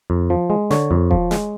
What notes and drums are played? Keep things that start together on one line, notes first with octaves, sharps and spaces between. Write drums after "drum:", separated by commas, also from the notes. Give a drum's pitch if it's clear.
F2
F3
G#3
D3 C#5, drum: snare
F2
F3, drum: kick E1
G#3, drum: snare